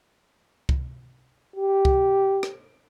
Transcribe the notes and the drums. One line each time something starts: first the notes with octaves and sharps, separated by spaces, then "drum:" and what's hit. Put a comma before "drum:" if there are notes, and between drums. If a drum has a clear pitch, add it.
drum: kick C2
G4
drum: kick C2
drum: rim click